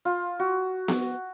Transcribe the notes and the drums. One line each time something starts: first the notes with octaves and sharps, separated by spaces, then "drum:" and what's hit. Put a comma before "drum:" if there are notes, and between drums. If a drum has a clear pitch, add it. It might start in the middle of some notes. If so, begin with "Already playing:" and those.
F4
F#4
drum: snare B3